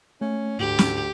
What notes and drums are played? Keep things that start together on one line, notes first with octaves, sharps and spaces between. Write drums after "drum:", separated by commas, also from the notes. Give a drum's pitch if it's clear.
A3 C#4
D2 G#2 G4
drum: snare